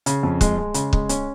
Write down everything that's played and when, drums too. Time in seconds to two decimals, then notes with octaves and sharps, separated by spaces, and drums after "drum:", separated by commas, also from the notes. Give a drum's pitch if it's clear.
0.06 C#3, drum: hi-hat
0.23 F2
0.41 G#3, drum: kick, hi-hat
0.58 G#3
0.74 C#3, drum: hi-hat
0.93 G#3, drum: kick
1.09 C#4, drum: hi-hat